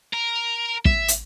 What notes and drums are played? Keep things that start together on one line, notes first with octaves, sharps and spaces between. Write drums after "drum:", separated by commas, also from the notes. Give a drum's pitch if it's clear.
A#4
E5, drum: kick
drum: hi-hat